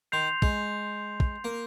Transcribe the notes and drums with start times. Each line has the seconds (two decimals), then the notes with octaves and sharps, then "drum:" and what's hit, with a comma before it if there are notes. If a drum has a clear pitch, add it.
0.12 D#3 C6 G6 C7 F7
0.42 G#3, drum: kick
1.20 drum: kick
1.44 A#3